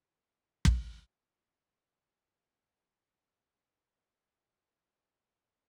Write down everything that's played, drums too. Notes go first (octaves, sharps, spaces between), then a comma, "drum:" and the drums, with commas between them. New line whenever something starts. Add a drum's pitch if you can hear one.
F3 A#4
drum: kick
F#3
B3
G3
A#3
C5
A#5
C3
B5
F#3
A3
E2
A3
F4
C3 F#4 G6 B6